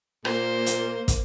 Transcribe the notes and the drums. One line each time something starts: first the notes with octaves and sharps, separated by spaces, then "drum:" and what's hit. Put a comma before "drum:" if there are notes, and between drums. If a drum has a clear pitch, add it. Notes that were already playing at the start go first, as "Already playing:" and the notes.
A#2 A#3 C5, drum: rim click
drum: hi-hat
drum: kick, hi-hat